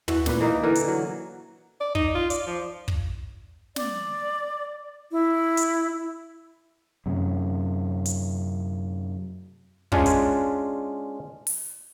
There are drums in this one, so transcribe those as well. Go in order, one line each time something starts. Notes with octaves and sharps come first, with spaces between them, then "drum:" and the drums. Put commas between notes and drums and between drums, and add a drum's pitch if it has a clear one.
E3 F#4 E5, drum: tom
A#2 B4, drum: snare
E3 A#3 D#4
D3 E3 A#4
drum: hi-hat
F#3
D5
D#4, drum: kick
F4
D5, drum: hi-hat
F3
drum: kick
D5, drum: snare
E4
drum: hi-hat
F#2 C3
drum: hi-hat
G#3 C#4 D4 F4, drum: kick
drum: hi-hat
drum: open hi-hat